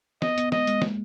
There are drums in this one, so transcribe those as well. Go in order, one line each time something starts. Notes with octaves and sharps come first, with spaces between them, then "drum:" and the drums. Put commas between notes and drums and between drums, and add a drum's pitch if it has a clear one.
B3 D#5, drum: snare
B3, drum: hi-hat
G#3 D#5, drum: snare
G#3, drum: hi-hat
A#3, drum: snare